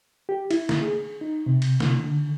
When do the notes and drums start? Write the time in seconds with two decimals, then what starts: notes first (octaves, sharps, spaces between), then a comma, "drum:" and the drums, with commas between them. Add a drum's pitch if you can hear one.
0.29 G4
0.51 E4, drum: cymbal
0.69 drum: snare
0.81 G#4
1.21 D#4
1.46 C3
1.62 drum: cymbal
1.80 drum: snare
2.00 D3